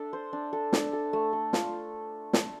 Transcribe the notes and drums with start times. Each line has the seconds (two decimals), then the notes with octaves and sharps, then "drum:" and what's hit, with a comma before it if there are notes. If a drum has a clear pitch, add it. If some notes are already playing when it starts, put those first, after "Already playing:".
Already playing: D4 A4 E5
0.13 C5
0.33 D4
0.53 A4
0.73 D4, drum: snare
0.93 A4
1.13 A3
1.33 A4
1.53 F4, drum: snare
2.33 drum: snare